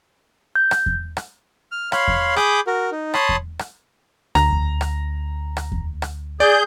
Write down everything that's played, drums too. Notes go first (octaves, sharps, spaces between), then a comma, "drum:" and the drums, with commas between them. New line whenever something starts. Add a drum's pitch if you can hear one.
G6
drum: rim click
drum: kick E2
drum: rim click
F6
C#5 F5 B5 C6, drum: rim click
drum: kick E2
G#4 B5 D6 D#6 G6, drum: rim click
F#4 A#4
D#4
C#5 A5 B5 C6 D#6, drum: rim click
drum: kick E2
drum: rim click
D2 A#5, drum: rim click
drum: kick E2
drum: rim click
drum: rim click
drum: kick E2
drum: rim click
G#4 D5 G6